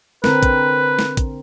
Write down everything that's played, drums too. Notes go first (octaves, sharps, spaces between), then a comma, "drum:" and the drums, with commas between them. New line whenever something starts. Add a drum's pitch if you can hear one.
D3 C4 A#4 B4, drum: snare
drum: kick, hi-hat
drum: snare
drum: kick, hi-hat